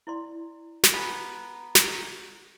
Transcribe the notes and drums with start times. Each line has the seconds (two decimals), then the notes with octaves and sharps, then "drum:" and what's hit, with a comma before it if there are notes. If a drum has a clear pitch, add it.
0.07 E4 D5 C6
0.83 drum: snare
0.94 B3 G#5 A#5
1.75 drum: snare